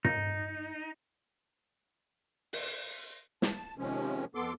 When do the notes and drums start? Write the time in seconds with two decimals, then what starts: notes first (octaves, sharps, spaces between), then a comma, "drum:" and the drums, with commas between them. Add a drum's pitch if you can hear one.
0.05 D#4, drum: tom
2.53 drum: open hi-hat
3.42 A5, drum: snare
3.78 C3 D#3 F3 G#3 C#4
4.35 F2 B3 A4 C6 D6